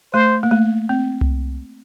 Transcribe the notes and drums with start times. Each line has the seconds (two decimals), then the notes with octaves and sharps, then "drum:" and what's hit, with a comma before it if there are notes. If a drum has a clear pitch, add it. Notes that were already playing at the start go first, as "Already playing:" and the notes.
0.14 A3 C5
0.43 A#3
0.51 A3
0.89 C4
1.21 drum: tom C2